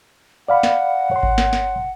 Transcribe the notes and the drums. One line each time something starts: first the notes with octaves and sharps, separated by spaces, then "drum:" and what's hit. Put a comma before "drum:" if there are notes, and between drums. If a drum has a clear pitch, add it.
D5 F5 F#5 B5
drum: snare
C#5 C6
drum: kick G#1
drum: snare
drum: snare